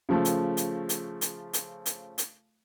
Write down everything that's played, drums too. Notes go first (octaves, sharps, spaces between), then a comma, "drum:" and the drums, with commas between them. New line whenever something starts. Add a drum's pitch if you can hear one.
C#3 F3 A3
drum: hi-hat
drum: hi-hat
drum: hi-hat
drum: hi-hat
drum: hi-hat
drum: hi-hat
drum: hi-hat